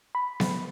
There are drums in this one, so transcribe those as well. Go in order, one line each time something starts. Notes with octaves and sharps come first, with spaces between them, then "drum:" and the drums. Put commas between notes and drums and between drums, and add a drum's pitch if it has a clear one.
B5
drum: snare B3